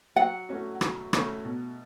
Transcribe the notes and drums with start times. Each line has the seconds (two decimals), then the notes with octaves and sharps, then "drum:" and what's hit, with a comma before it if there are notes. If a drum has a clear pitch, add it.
0.16 F#3 F#5
0.49 A3 C#4 F#4
0.81 F#3, drum: rim click
1.13 A3 C#4 F#4, drum: rim click
1.45 B2